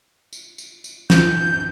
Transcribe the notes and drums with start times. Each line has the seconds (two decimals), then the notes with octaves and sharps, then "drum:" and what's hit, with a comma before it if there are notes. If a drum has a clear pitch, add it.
0.33 drum: tambourine
0.58 drum: tambourine
0.84 drum: tambourine
1.10 G6, drum: snare